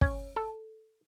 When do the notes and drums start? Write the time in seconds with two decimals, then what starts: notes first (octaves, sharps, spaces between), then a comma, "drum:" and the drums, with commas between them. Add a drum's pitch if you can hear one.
0.01 C#4 G#5, drum: kick
0.36 A4